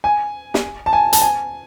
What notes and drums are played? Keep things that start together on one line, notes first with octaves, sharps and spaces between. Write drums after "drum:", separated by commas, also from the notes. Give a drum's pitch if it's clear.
G#5
drum: snare
A5
G#5
A5, drum: hi-hat
G#5